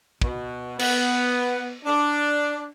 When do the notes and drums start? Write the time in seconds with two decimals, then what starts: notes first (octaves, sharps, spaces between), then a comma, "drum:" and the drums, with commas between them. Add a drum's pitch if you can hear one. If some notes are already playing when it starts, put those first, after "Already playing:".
0.22 B2, drum: kick
0.79 B3, drum: cymbal
1.85 D4